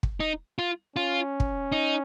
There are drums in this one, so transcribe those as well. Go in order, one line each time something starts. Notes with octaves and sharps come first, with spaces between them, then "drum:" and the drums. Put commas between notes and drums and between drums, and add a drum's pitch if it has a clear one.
drum: kick
D#4
F4
C#4 F4
drum: kick
D#4